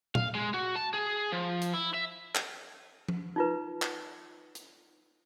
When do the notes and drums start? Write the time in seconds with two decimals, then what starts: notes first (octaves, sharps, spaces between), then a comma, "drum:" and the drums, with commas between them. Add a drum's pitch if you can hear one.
0.15 F5, drum: tom A#2
0.35 G#3
0.54 F#4
0.76 A5
0.94 G#4
1.32 F3
1.62 drum: hi-hat
1.74 E4
1.94 E5
2.35 drum: clap
3.08 drum: tom F3
3.36 D#4 F4 B4
3.82 drum: clap
4.55 drum: hi-hat